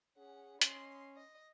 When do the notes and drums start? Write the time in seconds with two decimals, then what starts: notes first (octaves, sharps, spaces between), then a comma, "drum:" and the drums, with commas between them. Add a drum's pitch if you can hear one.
0.18 C#4 G#4 F#5
0.61 C#4 D#5 C6, drum: hi-hat
1.17 D#5